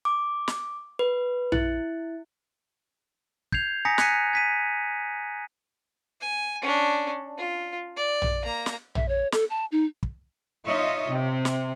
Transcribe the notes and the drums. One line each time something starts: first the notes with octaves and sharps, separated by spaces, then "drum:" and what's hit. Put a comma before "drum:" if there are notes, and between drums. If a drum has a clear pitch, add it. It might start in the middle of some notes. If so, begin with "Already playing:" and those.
D6
drum: snare
B4
E4, drum: tom A#1
G6 G#6 C7 F7, drum: kick
G#5 A#5 D#6 A#6 B6 C#7
F#6 G#6 B6 C#7 D#7, drum: snare
G#6 B6 D#7
G#5
C#4 D4
F4
D5
drum: tom A#1
A#3 A#5
drum: snare
E5, drum: tom A#1
C#5
A4, drum: snare
A5
D#4
drum: kick
D#4 F4 C#5 D#5 E5
C3
drum: snare